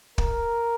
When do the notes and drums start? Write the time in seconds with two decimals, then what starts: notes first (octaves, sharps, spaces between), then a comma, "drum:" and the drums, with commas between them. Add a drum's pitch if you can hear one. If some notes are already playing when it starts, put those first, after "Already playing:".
0.18 A#4, drum: kick